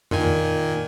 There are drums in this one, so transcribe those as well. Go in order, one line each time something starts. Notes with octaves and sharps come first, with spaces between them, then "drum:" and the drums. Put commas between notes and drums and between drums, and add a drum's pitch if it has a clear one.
A#2 D#3 G#5, drum: tom F2